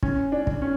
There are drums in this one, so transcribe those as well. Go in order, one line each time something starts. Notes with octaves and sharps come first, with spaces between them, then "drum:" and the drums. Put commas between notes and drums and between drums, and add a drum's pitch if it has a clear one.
C#4, drum: kick
D4
drum: kick
C#4